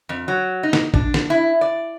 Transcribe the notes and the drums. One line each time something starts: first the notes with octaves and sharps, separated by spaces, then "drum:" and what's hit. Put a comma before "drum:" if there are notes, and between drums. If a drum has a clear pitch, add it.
F2
F#3
D#4
drum: snare
D4, drum: kick
drum: snare
E4
D5